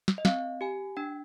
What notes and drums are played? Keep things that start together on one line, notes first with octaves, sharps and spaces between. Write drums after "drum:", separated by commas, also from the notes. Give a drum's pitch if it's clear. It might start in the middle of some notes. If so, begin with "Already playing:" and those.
drum: snare
D#5
C4 F5, drum: snare
G4 G#5
D4 G5